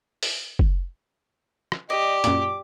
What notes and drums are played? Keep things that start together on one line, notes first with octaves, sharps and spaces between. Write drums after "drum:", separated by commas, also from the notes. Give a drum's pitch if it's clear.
drum: open hi-hat
drum: kick
drum: rim click
G4 D5 D#5
F#2 A#2 D6, drum: hi-hat